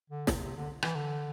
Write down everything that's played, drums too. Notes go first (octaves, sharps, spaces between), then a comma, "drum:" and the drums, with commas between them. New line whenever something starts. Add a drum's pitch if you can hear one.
D3
C3, drum: snare
C3
D3
E3, drum: rim click
D3